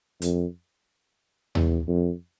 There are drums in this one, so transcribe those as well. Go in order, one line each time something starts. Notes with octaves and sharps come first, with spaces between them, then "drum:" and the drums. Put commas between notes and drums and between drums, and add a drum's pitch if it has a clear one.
F2, drum: hi-hat
E2, drum: tom D#2
F2